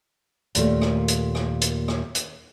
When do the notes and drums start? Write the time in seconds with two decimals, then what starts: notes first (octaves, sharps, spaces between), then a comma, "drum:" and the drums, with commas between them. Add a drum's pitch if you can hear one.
0.55 D#2 A#2 A3, drum: hi-hat
0.81 drum: rim click
1.08 drum: hi-hat
1.35 drum: rim click
1.62 drum: hi-hat
1.88 drum: rim click
2.15 drum: hi-hat